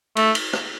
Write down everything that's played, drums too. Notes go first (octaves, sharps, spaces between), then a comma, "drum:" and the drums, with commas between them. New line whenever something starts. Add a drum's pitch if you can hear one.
A3, drum: cymbal
drum: cymbal
drum: rim click